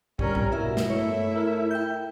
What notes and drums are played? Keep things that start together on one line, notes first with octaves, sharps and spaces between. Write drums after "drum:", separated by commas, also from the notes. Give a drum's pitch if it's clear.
G2 G3 C#4 A#4, drum: kick
drum: tom G#2
B2 E4 A#4 E5
drum: snare
A3 E4 C#5 E5
A#4
G5 G6